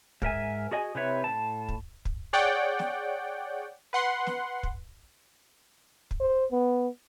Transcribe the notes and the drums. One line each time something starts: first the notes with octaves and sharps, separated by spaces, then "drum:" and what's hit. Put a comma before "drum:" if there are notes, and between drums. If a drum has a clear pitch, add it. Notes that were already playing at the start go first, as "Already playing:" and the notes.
G#2 A#4 E5 G#5, drum: kick
F#4 G#4 D#5 G#5
C3 C4 E4 B4 C#5 E5
A2 A5
drum: kick
drum: kick
G#4 C#5 D5 F#5 G5
drum: snare
B4 F#5 C6
drum: snare
drum: kick
drum: kick
C5
B3